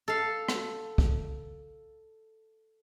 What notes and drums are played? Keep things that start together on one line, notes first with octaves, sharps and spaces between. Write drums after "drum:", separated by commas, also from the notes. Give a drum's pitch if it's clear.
A4 F5
drum: rim click
drum: kick